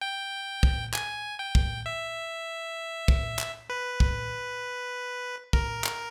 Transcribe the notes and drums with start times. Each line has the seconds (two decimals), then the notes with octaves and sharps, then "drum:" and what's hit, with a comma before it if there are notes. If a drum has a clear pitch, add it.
0.01 G5
0.63 drum: kick
0.94 G#5, drum: clap
1.39 G5
1.55 drum: kick
1.86 E5
3.08 drum: kick
3.39 drum: clap
3.70 B4
4.00 drum: kick
5.53 A#4, drum: kick
5.84 drum: clap